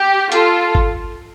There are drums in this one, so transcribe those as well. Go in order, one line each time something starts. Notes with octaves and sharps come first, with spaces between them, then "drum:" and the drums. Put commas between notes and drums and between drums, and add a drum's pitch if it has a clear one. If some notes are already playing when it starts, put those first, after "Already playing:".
Already playing: G4
F4 A4, drum: hi-hat
drum: kick